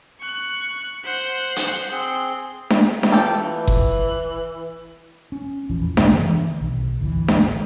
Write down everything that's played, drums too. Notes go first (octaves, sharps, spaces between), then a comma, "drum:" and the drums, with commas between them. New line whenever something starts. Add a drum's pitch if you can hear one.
C#6 F#6
C5 F#5
drum: hi-hat
C4 G#4 C6
drum: snare D4
drum: snare D4
E3 F4 G4 A4
drum: kick F#1
C#4
A#1 E2 E3 F3
D#1 G2 C#3 C#4, drum: snare D4
D#3 E3
B1
G#1 D2 C#3 E3
drum: snare D4